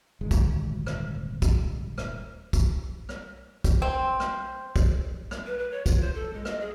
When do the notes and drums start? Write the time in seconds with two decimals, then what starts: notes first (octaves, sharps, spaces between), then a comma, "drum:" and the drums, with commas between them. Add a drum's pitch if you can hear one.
0.21 D#1 G#1 D2 G#3
0.31 drum: kick, tambourine
0.87 drum: rim click
1.42 drum: kick, tambourine
1.98 drum: rim click
2.53 drum: kick, tambourine
3.09 drum: rim click
3.64 drum: kick, tambourine
3.82 C4
4.20 drum: rim click
4.76 drum: kick, tambourine
5.31 drum: rim click
5.46 B4
5.58 B4
5.70 C#5
5.86 F4, drum: kick, tambourine
6.01 C5
6.15 A4
6.33 G#3
6.45 D#5, drum: rim click
6.60 G#4